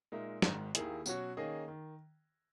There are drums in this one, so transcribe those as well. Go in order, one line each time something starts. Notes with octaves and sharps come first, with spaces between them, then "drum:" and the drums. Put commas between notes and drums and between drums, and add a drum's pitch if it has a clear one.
A#2 G#3 D#4 A#4 E5
G#1 G#2 D#3, drum: snare
D#2 D#3 A#3 E4 G#4, drum: hi-hat
B2 F#3 C#4 F#4 C#5, drum: tambourine
D#3 A#3 C#4 G#4 D#5
D#3